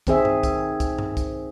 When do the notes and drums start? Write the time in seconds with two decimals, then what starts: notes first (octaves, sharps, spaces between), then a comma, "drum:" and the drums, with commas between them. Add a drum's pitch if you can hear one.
0.07 D#3 C4 G#4 E5, drum: kick, hi-hat
0.25 drum: tom G2
0.43 drum: kick, hi-hat
0.80 drum: kick, hi-hat
0.98 drum: tom G2
1.17 drum: kick, hi-hat